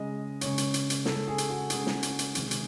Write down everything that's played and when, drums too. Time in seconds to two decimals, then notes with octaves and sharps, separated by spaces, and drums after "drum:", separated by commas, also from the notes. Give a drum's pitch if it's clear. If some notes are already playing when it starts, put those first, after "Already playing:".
Already playing: C#3 G#3 D#5
0.41 C#3 G#3 C#5, drum: hi-hat
0.58 drum: hi-hat
0.74 drum: hi-hat
0.90 drum: hi-hat
1.05 C#3 G#3 A4, drum: snare
1.27 G#4
1.38 drum: hi-hat
1.50 F#4
1.70 C#3 G#3 G#4, drum: hi-hat
1.86 drum: snare
2.03 drum: hi-hat
2.19 drum: hi-hat
2.35 C3 D#3 G#3, drum: hi-hat
2.51 drum: hi-hat